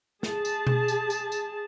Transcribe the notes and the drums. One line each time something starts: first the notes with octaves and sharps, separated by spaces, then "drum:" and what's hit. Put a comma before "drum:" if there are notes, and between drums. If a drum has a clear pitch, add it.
G#4 A5, drum: snare
drum: tambourine
drum: tom B2
drum: tambourine
drum: tambourine
drum: tambourine